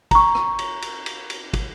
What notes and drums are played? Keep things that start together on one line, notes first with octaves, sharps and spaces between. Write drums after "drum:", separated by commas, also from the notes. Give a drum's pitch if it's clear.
A#5 C#6, drum: kick, cymbal
drum: rim click
drum: cymbal
drum: cymbal
drum: cymbal
drum: cymbal
drum: kick, cymbal